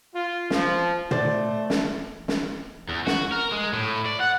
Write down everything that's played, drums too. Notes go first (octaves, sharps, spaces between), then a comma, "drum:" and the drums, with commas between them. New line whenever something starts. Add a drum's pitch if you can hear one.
F4
F3, drum: snare
A3 C5 D5 A6, drum: tom
drum: snare
drum: snare
E2
F#4, drum: snare
A#4
G#3
A2
D5
F#5